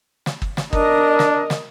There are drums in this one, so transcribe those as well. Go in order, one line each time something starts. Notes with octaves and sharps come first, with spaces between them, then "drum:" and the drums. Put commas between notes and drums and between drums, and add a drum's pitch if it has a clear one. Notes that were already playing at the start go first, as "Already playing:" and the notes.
drum: snare
drum: kick G1
drum: snare
D4 A#4 D#5, drum: kick G1
drum: snare
drum: snare